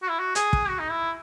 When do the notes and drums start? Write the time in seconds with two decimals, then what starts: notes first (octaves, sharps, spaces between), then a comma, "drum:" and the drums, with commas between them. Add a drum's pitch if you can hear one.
0.02 F#4
0.10 E4
0.19 F#4
0.35 G#4, drum: hi-hat
0.53 drum: kick
0.68 F#4
0.79 D#4
0.91 E4